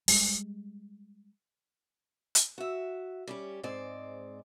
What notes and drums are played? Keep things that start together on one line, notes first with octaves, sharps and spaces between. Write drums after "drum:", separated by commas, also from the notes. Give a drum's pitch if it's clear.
G3 G#3, drum: open hi-hat
drum: hi-hat
F#4 E5
G3 C#4 G4
G#2 G#3 C4 D5